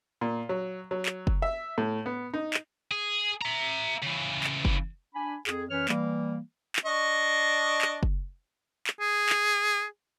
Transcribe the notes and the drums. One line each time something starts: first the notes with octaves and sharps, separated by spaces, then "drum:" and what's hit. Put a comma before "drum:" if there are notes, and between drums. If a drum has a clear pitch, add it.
A#2
F#3
F#3
drum: clap
drum: kick F#1
E5
A2
B3
D#4
drum: clap
G#4
E5 A#5
C#3 E3
drum: clap
drum: kick F#1
D4 G#5 B5
F2 G#4, drum: clap
F#2 E3 C#4 B4 C#5 F6
E3 G3 A#3, drum: clap
drum: clap
D4 D#5 C#6
drum: clap
drum: kick F#1
drum: clap
G#4
drum: clap